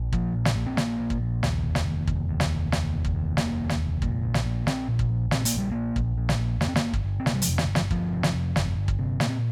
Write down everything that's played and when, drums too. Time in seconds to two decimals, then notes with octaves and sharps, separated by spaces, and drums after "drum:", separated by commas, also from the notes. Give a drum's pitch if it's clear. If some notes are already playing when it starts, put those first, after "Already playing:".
Already playing: A#1
0.13 A#2 F3, drum: kick
0.34 A#1
0.45 drum: snare
0.56 A#2
0.67 C4
0.77 A#1 A#3, drum: snare
0.99 A#2
1.10 drum: kick
1.21 A#1
1.43 D#2, drum: snare
1.64 F1
1.75 drum: snare
1.86 D#2
2.07 F1, drum: kick
2.29 D#2
2.40 drum: snare
2.50 F1
2.72 D#2, drum: snare
2.94 F1
3.05 drum: kick
3.15 D#2
3.37 F1 A#3, drum: snare
3.59 D#2
3.69 drum: snare
3.80 F1
4.02 A#2, drum: kick
4.23 A#1
4.34 drum: snare
4.45 A#2
4.67 A#1 C4, drum: snare
4.88 A#2
4.99 drum: kick
5.10 A#1
5.31 A#2 C4, drum: snare
5.45 A#3, drum: hi-hat
5.53 A#1 G3
5.72 A#2 A#3
5.96 A#1, drum: kick
6.18 A#2
6.29 drum: snare
6.39 A#1
6.61 F2 A#3, drum: snare
6.68 C4
6.76 A#3, drum: snare
6.83 G1
6.94 drum: kick
7.05 G1
7.20 C4
7.26 C3 A#3, drum: snare
7.35 G3
7.42 F3, drum: hi-hat
7.47 F2
7.58 D#3, drum: snare
7.69 G1
7.75 F3, drum: snare
7.91 G1 F3, drum: kick
8.12 C3
8.23 drum: snare
8.34 F2
8.56 G1, drum: snare
8.77 G1
8.88 drum: kick
8.99 C3
9.20 A#2 A#3, drum: snare
9.29 C4